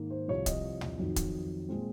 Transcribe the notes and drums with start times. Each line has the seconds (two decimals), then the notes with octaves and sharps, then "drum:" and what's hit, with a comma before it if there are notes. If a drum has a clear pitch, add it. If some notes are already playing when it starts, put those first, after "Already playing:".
Already playing: G#2 D#3 A#3
0.11 C5
0.28 C2 C3 F3 C#5
0.46 D#5, drum: kick, hi-hat
0.81 drum: tom
0.99 F2 D#3 F#3
1.16 drum: kick, hi-hat
1.69 A#2 G#3 C4